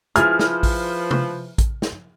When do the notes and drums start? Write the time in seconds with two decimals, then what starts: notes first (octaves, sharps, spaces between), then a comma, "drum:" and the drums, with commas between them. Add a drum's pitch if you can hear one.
0.16 F3 E4 F4 G#4 B4 F6, drum: hi-hat
0.39 drum: snare
0.63 drum: kick A1, open hi-hat
1.11 drum: tom C3
1.58 drum: kick A1, hi-hat
1.82 drum: snare